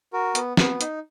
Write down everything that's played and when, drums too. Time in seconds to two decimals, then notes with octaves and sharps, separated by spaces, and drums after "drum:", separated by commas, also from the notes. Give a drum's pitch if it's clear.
0.13 F#4 A#4
0.35 B3, drum: hi-hat
0.57 B3, drum: snare
0.81 D#4, drum: hi-hat